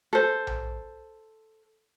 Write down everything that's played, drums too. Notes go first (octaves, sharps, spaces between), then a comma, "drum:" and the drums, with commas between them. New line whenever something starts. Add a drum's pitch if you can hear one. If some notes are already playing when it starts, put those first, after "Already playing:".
A4 C5
drum: tom A#1